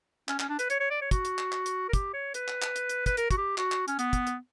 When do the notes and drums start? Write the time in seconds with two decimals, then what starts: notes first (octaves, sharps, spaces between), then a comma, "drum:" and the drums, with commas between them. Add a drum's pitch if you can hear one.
0.28 C#4, drum: clap
0.40 C#4, drum: clap
0.49 D4
0.59 B4, drum: hi-hat
0.70 C#5, drum: hi-hat
0.80 C#5
0.90 D5
1.01 C#5
1.11 F#4, drum: kick, hi-hat
1.25 drum: hi-hat
1.38 drum: clap
1.52 drum: clap
1.66 drum: hi-hat
1.88 A#4
1.93 G4, drum: kick, hi-hat
2.13 C#5
2.34 B4, drum: hi-hat
2.48 drum: clap
2.62 drum: clap
2.76 drum: hi-hat
2.89 drum: hi-hat
3.06 B4, drum: kick, hi-hat
3.17 A#4, drum: hi-hat
3.31 F#4, drum: kick, hi-hat
3.37 G4
3.58 F#4, drum: clap
3.72 drum: clap
3.88 C#4, drum: hi-hat
3.99 B3, drum: hi-hat
4.13 drum: kick, hi-hat
4.27 drum: hi-hat